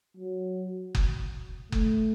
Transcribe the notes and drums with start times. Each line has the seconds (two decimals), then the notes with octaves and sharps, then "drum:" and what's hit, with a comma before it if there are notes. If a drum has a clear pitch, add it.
0.17 F#3
0.95 drum: kick F#1
1.72 A3, drum: kick F#1